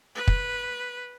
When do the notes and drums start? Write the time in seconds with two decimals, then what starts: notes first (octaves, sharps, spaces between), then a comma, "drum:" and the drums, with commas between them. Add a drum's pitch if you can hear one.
0.15 B4
0.28 drum: kick